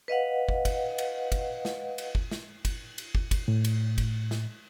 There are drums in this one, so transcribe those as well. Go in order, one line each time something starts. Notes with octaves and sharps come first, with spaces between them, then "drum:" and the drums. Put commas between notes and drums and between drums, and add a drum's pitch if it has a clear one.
B4 D#5 F5 F#5
drum: kick
drum: kick, cymbal
drum: cymbal
drum: kick, cymbal
drum: snare
drum: cymbal
drum: kick
drum: snare
drum: kick, cymbal
drum: cymbal
drum: kick
drum: kick, cymbal
A2
drum: cymbal
drum: kick, cymbal
drum: snare